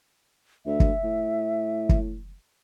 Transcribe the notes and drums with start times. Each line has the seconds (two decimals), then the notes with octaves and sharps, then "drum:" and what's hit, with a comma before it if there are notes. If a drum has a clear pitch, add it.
0.66 D2 E5
0.80 drum: kick
1.04 A2
1.89 drum: kick